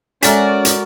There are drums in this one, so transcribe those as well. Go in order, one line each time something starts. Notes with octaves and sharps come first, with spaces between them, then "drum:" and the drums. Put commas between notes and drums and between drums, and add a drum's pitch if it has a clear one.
G#3 C#4 F#4 A4 A#4 D5 E5, drum: hi-hat
drum: hi-hat